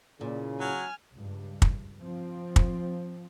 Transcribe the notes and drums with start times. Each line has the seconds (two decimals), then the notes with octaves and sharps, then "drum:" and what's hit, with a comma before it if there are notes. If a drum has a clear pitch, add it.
0.20 E2 A#2 C#3
0.60 F#3 G#5 F6
1.15 C#2 G2
1.62 drum: kick
2.01 F3 C4
2.56 drum: kick